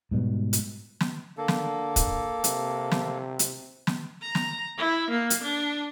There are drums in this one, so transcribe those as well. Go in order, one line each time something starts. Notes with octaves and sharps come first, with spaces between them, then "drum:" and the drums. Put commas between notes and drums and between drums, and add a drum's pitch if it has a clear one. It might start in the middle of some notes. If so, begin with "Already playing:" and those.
G#2 B2 G3
drum: hi-hat
drum: snare
D3 A#3 A4
drum: snare
drum: kick, hi-hat
C3, drum: hi-hat
drum: snare
drum: hi-hat
drum: snare
A#5
drum: snare
E4
A#3
drum: hi-hat
D4